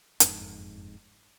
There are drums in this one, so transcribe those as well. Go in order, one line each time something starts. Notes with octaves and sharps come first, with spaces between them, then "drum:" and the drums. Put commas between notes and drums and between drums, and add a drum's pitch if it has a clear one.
F#1 F2 G#2, drum: hi-hat